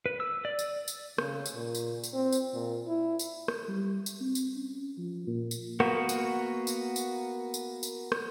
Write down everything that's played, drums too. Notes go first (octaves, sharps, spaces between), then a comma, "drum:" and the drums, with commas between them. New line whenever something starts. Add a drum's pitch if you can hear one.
B4
E6
D5
drum: tambourine
drum: tambourine
C#3, drum: rim click
drum: tambourine
A#2
drum: tambourine
drum: tambourine
C4
drum: tambourine
A#2
E4
drum: tambourine
drum: rim click
G3
drum: tambourine
C4
drum: tambourine
C#4
F3
A#2
drum: tambourine
A#3 B3 F#4, drum: rim click
drum: tambourine
drum: tambourine
drum: tambourine
drum: tambourine
drum: tambourine
drum: rim click